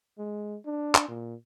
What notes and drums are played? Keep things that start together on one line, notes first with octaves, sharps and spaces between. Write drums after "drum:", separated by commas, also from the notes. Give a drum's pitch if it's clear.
G#3
D4
drum: clap
A#2